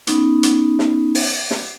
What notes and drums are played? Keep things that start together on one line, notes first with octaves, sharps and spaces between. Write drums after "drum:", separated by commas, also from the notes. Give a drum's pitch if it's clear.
B3 C#4 D#4, drum: hi-hat
drum: hi-hat
drum: snare
drum: open hi-hat
drum: snare